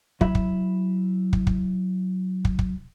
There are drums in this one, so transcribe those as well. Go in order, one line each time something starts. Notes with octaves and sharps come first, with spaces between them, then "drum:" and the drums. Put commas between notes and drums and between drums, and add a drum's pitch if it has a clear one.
F#3 E4 E5 B5, drum: kick
drum: kick
drum: kick
drum: kick
drum: kick
drum: kick